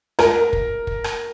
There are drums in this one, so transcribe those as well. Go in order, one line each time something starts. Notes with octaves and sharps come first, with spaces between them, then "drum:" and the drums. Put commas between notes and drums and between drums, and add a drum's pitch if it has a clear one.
A#4, drum: rim click
drum: kick
drum: kick
drum: rim click